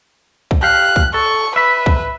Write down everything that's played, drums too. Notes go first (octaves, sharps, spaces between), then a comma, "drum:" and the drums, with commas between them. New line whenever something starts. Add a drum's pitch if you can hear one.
drum: kick
G4 F5 F#6
drum: kick
A4 C#6
B4 E5 B5
drum: kick